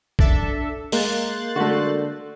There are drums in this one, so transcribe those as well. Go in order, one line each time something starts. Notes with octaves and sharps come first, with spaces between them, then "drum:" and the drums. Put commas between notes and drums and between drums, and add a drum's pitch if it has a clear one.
D4 A4 E5, drum: kick
G#3 A#3 C6 F#6 G6 A6, drum: open hi-hat
D3 A3 F#4